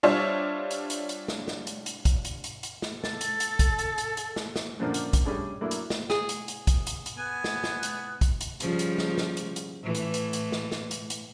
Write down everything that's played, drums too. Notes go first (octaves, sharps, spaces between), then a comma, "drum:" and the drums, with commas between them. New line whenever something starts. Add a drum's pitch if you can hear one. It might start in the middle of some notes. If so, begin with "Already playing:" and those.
G3 D4 F4 C5 C#5 E5
drum: hi-hat
drum: hi-hat
drum: hi-hat
drum: snare
drum: snare
drum: hi-hat
drum: hi-hat
drum: kick, hi-hat
drum: hi-hat
drum: hi-hat
drum: hi-hat
drum: snare
A4 A6, drum: snare
drum: hi-hat
drum: hi-hat
drum: kick, hi-hat
drum: hi-hat
drum: hi-hat
drum: hi-hat
drum: snare
drum: snare
F#2 A#2 D3 F3 A#3 D4
drum: hi-hat
drum: kick, hi-hat
G3 A3 C#4 D4 G#4
F#3 A3 A#3 D4 E4
drum: hi-hat
drum: snare
G#4, drum: snare
drum: hi-hat
drum: hi-hat
drum: kick, hi-hat
drum: hi-hat
drum: hi-hat
B3 G#5
drum: snare
drum: snare
drum: hi-hat
drum: kick, hi-hat
drum: hi-hat
C#3 F3 G3, drum: hi-hat
drum: hi-hat
drum: snare
drum: snare
drum: hi-hat
drum: hi-hat
A2 E3
drum: hi-hat
drum: hi-hat
drum: hi-hat
drum: snare
drum: snare
drum: hi-hat
drum: hi-hat